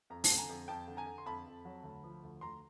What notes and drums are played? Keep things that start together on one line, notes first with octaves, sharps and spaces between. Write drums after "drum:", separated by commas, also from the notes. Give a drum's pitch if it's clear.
F2 A#5
A5, drum: open hi-hat
D3
G#5 A#5
F2
F2 G5 A5
D3
G#5 A#5
D3
C6
F2 A5 B5
F2
F#3
D2
F3
D2
D2 A#5 C6